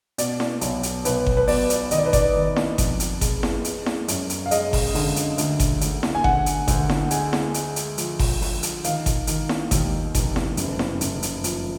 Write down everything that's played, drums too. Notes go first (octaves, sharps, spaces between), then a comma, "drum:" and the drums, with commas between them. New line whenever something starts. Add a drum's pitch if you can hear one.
B2 D5, drum: hi-hat
drum: snare E4
B1, drum: hi-hat
drum: hi-hat
B1 B4, drum: hi-hat
drum: kick G1
B4
B2 D5, drum: open hi-hat
drum: hi-hat
D#3 D#5, drum: hi-hat
D5
B4
D5, drum: kick G1, hi-hat
D#3
drum: snare E4
F2, drum: kick G1, hi-hat
drum: hi-hat
G#3, drum: kick G1, hi-hat
drum: snare E4
G#3, drum: hi-hat
drum: snare E4
F#2, drum: hi-hat
drum: hi-hat
F5
G#3 D#5, drum: hi-hat
drum: kick G1, open hi-hat
D3, drum: open hi-hat
drum: hi-hat
D2, drum: hi-hat
drum: kick G1, hi-hat
D2, drum: hi-hat
drum: snare E4
G#5
D2 F#5, drum: kick G1
drum: hi-hat
D2, drum: kick G1, hi-hat
drum: snare E4
G#3 G#5, drum: hi-hat
drum: snare E4
G#3, drum: hi-hat
drum: hi-hat
F3, drum: hi-hat
drum: kick G1, open hi-hat
F3, drum: open hi-hat
drum: hi-hat
D#3 F5, drum: hi-hat
drum: kick G1, hi-hat
D#3, drum: hi-hat
drum: snare E4
D#2, drum: kick G1, hi-hat
F1, drum: kick G1, hi-hat
drum: snare E4
F#1, drum: hi-hat
drum: snare E4
F#1, drum: hi-hat
drum: hi-hat
F3, drum: hi-hat